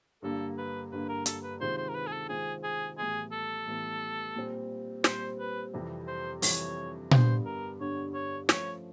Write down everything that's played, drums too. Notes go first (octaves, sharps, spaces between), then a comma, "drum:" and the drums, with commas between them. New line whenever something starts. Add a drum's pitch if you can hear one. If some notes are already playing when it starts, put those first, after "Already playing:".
G2 D3 G3 A#3 A4
B4
G2 D3 G3 A#3 B4
A#4
A4, drum: hi-hat
B4
C3 D#3 G#3 C4 F4 C5
C5
A#4
B4
G#4
A4
C3 D#3 G#3 C4 F4 G#4
G#4
A2 E3 G3 B3 G#4
A4
A2 E3 G3 B3
A#2 G3 C4
A#2 G3 C4 C5, drum: snare
B4
F2 C3 E3 G3
C5
F2 C3 E3 G3 C#5, drum: open hi-hat
G2 D3 G3 B3 D4 C5, drum: tom A#2
A#4
G2 D3 G3 B3 D4 C#5
C#5
F3 A3 C#4 C#5, drum: snare